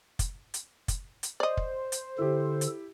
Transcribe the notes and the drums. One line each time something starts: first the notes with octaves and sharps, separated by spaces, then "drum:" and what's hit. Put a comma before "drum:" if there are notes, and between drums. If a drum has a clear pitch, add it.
drum: kick, hi-hat
drum: hi-hat
drum: kick, hi-hat
drum: hi-hat
C5 D5 D#5
drum: kick
drum: hi-hat
D3 E4 G4 A4
drum: hi-hat